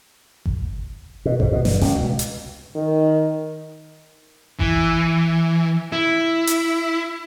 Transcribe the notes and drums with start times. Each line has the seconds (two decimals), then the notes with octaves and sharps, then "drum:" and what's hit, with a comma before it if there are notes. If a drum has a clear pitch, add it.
0.46 drum: kick G1
1.25 B2
1.40 G#2, drum: kick G1
1.52 B2
1.65 G2, drum: snare
1.81 C#2, drum: snare
1.95 B2
2.19 drum: hi-hat
2.76 D#3
4.59 E3, drum: kick G1
5.92 E4
6.47 drum: hi-hat